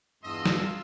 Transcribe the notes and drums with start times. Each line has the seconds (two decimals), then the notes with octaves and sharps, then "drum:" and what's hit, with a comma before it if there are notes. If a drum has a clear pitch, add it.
0.23 E2 G2 F4 D#5 C6 E6
0.46 drum: snare